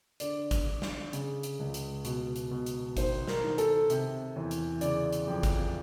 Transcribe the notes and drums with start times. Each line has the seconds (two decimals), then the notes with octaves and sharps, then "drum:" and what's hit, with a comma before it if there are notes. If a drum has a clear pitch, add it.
0.20 D3 D5, drum: hi-hat
0.51 drum: kick, hi-hat
0.66 D3
0.82 drum: snare
1.13 C#3, drum: hi-hat
1.43 drum: hi-hat
1.59 C#2
1.74 drum: hi-hat
2.05 B2, drum: hi-hat
2.36 drum: hi-hat
2.51 B2
2.66 drum: hi-hat
2.97 D#3 C5, drum: kick, hi-hat
3.28 A#4, drum: snare
3.44 D#3
3.58 A4, drum: hi-hat
3.90 C3, drum: hi-hat
4.36 E2
4.51 drum: hi-hat
4.81 C#3 D5, drum: hi-hat
5.13 drum: hi-hat
5.27 F2
5.43 drum: kick, hi-hat